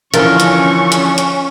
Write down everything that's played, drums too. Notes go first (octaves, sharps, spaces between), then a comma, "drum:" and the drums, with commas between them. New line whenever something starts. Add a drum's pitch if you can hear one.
D3 E3 F3 C#4 F4 A#4 C#6, drum: hi-hat
drum: hi-hat
drum: hi-hat
drum: hi-hat